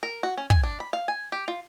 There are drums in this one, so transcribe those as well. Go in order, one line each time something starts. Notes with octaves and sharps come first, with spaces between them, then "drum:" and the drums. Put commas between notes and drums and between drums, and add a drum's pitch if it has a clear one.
A#4
F#4
C#4
G#5, drum: kick
D4
B5
F5
G#5
G4
F4